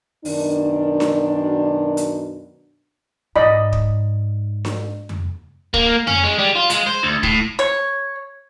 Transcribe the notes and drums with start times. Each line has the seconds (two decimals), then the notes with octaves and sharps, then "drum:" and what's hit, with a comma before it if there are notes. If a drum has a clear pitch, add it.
0.25 F#2 B2 D#3 D4, drum: open hi-hat
1.00 drum: snare D4
1.97 drum: hi-hat
3.36 G#2 D5 D#5 B5
3.72 drum: kick
4.65 drum: snare D4
5.09 drum: tom F2
5.74 A#3, drum: kick
6.07 C#4, drum: tom F2
6.24 G#3
6.39 G3
6.55 F4
6.70 G#3, drum: hi-hat
6.87 C5
7.03 D2
7.23 A2, drum: kick
7.59 C#5